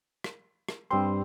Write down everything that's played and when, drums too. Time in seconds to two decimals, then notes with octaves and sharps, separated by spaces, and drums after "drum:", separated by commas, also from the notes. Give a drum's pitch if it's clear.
0.24 drum: rim click
0.68 drum: rim click
0.91 G2 G3 C4 C6